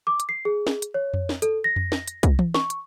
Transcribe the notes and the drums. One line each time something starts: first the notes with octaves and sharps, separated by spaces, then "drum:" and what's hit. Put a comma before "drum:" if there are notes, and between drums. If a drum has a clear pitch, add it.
D6
drum: hi-hat
C7
G#4
drum: snare
drum: hi-hat
C#5
drum: tom F2
drum: snare
A4, drum: hi-hat
A#6
drum: tom F2
drum: snare
drum: hi-hat
drum: kick, hi-hat
drum: tom E3
C#6, drum: snare
drum: hi-hat